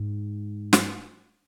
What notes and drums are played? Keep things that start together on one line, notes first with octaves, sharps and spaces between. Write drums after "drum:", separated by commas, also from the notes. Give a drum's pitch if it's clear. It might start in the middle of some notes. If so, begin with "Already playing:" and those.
Already playing: G#2
drum: snare